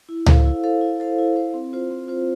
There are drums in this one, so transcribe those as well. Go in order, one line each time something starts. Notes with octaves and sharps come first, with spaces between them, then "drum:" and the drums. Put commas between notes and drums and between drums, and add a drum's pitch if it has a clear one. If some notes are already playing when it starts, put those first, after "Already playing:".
E4
A4 C5 F5, drum: tom C#2
E4
A4 C5 F5
E4
A4 C5 F5
E4
A4 C5 F5
C4
F4 C5
C4
F4 C5